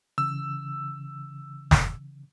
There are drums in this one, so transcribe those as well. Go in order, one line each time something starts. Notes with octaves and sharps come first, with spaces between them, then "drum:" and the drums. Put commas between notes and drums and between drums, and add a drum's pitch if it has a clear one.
C#3 E3 E6
drum: snare